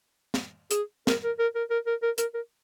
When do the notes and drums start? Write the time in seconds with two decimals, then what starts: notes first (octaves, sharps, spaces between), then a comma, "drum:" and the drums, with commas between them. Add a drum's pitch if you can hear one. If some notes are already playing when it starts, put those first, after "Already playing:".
0.34 drum: snare
0.71 G#4, drum: hi-hat
1.07 A#4, drum: snare
1.23 A#4
1.39 A#4
1.55 A#4
1.70 A#4
1.86 A#4
2.02 A#4
2.18 A#4, drum: hi-hat
2.34 A#4